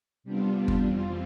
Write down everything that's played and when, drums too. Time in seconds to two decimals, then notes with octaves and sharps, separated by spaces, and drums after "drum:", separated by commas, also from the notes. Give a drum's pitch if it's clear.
0.24 C3 G3 B3 D4 F4
0.68 drum: kick G1
0.82 F2 E3 G3 C4 F4